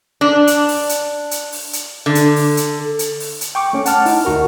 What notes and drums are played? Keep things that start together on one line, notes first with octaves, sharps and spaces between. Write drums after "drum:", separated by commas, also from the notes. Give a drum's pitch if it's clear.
D4
drum: hi-hat
drum: open hi-hat
drum: hi-hat
drum: hi-hat
drum: open hi-hat
drum: hi-hat
D3
drum: hi-hat
drum: open hi-hat
drum: hi-hat
drum: hi-hat
drum: open hi-hat
drum: hi-hat
G5 C#6 D6
A3 C#4
F#5 A5 F6, drum: hi-hat
D#4 E4, drum: open hi-hat
D2 F#4 A#4